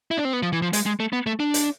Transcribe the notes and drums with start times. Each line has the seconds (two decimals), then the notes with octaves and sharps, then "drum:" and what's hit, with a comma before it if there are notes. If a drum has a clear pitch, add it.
0.11 E4
0.18 D4
0.25 C4
0.33 B3
0.43 F3
0.53 E3
0.62 F3
0.73 G#3, drum: hi-hat
0.86 G#3
1.00 A3
1.13 B3
1.26 A3
1.40 D4
1.54 drum: hi-hat